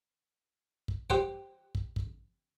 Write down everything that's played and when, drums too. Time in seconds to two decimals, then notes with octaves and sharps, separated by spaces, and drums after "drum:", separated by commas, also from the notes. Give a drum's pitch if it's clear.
0.88 drum: kick
1.10 G4 C5 F#5, drum: kick
1.75 drum: kick
1.96 drum: kick